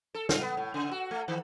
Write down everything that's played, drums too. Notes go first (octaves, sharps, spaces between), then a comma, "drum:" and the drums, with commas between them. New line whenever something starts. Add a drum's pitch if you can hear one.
A4
F4, drum: snare
B3
A2
C#3
F#4
A3
D#3